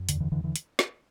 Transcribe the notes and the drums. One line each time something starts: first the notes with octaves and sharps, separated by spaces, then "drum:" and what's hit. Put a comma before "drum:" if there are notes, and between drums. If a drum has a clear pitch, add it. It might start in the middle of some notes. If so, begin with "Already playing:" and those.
Already playing: F#2
E2 D3, drum: hi-hat
D3 E3
E2 D3 E3
D3 E3
drum: hi-hat
drum: snare